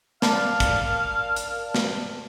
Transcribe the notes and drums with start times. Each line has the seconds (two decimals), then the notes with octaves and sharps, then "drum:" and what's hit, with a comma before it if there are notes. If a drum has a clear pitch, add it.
0.22 A#4 D5 F5 A5, drum: snare
0.60 drum: kick, hi-hat
1.36 drum: hi-hat
1.75 drum: snare